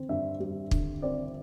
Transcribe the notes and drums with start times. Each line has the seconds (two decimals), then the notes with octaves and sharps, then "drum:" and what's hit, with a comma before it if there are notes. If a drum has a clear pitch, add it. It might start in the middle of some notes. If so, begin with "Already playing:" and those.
Already playing: D3 C4
0.09 G2 E5
0.40 G3
0.71 D3, drum: kick
1.02 C4 D5